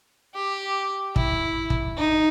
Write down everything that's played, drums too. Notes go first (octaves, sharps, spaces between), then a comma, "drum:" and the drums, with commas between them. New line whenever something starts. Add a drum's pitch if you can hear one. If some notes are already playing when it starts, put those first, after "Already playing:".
G4
E4, drum: kick
drum: kick
D#4